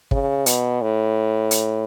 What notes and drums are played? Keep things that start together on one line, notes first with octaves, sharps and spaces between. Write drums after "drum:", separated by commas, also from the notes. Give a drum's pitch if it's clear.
C#3, drum: kick
B2, drum: hi-hat
A2
drum: hi-hat